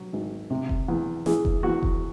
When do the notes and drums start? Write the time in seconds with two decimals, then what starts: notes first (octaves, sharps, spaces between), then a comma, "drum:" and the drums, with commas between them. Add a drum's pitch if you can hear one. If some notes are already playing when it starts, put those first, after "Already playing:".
Already playing: F#3
0.13 G#1
0.50 C3
0.69 drum: kick F1
0.88 E2
1.26 E3 G#4, drum: snare
1.45 drum: kick F1
1.63 E2 F#4
1.83 drum: kick F1